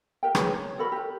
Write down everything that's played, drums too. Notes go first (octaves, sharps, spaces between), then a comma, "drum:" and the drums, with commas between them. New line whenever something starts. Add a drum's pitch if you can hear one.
G4 A#4 G5
G#4 B4 C#5, drum: rim click
C#5
F#4 A4 A#4 B5
G4 A#4